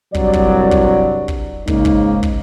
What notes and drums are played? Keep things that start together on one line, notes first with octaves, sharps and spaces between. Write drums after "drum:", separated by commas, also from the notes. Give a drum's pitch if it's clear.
C2 G2 F#3 D5, drum: kick
drum: kick
drum: kick
drum: kick
G#2 C#3 A#3 D#4, drum: kick
drum: kick
drum: kick